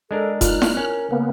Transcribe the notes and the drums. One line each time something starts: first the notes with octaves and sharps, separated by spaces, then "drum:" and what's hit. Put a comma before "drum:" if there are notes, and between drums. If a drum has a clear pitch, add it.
G#3 D4 A4 A#4
D#4 F4 F6 F#6, drum: kick F1, hi-hat
drum: snare E4
C#4 A#4
C#3 A#3 B3